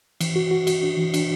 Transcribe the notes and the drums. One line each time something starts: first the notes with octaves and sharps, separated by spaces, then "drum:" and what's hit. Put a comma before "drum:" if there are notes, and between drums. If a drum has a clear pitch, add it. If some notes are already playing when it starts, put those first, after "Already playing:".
E3, drum: cymbal
F#4
F#4
F#4, drum: cymbal
D4
E3
D4, drum: cymbal